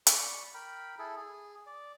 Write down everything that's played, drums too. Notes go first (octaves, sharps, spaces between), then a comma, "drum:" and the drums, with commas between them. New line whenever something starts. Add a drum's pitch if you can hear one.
D5 B5 C#6, drum: hi-hat
A#4 G5 B5
E4 G#4 A4
G#4
D5